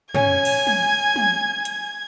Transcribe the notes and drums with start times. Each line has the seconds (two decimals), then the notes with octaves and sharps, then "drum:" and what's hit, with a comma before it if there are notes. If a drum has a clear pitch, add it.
0.15 C#4 G#5 G#6, drum: tom
0.45 drum: cymbal
0.67 drum: tom
1.16 drum: tom
1.65 drum: hi-hat